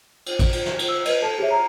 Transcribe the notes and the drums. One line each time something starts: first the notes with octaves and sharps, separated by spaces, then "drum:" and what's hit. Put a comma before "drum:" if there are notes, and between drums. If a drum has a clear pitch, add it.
drum: cymbal
drum: kick, cymbal
drum: cymbal
drum: snare
drum: cymbal
E6
B4 D#5, drum: cymbal
A4 A5
G4 G#4 C#5 E5
A#5